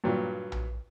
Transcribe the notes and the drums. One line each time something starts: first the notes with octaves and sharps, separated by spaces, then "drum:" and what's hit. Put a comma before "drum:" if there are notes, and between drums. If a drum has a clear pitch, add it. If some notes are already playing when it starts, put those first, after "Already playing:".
G2 A#2 F#3
drum: tom A#1